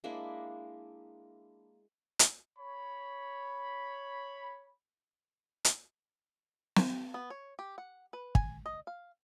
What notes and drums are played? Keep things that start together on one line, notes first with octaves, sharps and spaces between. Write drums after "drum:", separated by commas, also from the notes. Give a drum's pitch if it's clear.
G#3 A#3 D4 E4
drum: hi-hat
C#5 B5
drum: hi-hat
drum: snare
B3
C#5
G4
F#5
B4
G#5, drum: kick
D#5
F5